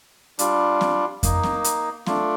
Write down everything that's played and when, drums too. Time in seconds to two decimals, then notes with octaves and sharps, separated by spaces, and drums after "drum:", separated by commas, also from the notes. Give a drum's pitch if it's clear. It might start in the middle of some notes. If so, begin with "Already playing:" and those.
0.39 G3 D4 F4, drum: hi-hat
0.81 drum: snare C4
1.23 A#3 D#4, drum: kick F2, hi-hat
1.43 drum: snare C4
1.64 drum: hi-hat
2.06 A3 D4 F4, drum: snare C4